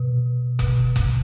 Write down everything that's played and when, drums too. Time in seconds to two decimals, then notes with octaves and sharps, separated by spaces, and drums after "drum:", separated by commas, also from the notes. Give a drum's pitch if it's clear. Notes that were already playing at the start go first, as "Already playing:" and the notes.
Already playing: B2
0.59 B2, drum: kick F1
0.96 drum: kick F1